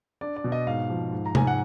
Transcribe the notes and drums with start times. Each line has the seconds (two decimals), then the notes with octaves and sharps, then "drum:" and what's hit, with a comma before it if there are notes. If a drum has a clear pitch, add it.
0.21 D4 D5
0.36 D5
0.44 B2
0.52 D#5
0.67 G#2 F5
0.90 F3
1.12 G#2
1.26 A#5
1.35 G#2 G#5, drum: tom C3
1.47 F#5